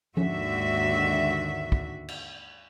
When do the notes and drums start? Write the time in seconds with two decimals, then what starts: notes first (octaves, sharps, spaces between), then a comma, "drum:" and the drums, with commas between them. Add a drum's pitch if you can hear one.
0.17 D#2 G#2 D3 D#3 F#4 E5, drum: tom F3
1.72 drum: kick
2.08 drum: cymbal